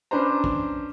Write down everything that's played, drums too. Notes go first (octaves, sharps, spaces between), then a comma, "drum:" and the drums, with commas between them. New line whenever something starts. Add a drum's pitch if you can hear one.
C#4 D4 B4 C5 A#5
drum: kick